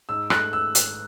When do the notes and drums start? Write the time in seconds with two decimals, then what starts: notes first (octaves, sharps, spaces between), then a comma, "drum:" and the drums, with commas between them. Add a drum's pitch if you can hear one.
0.09 G#2 E6
0.30 A3 F#6, drum: rim click
0.53 E6
0.75 drum: hi-hat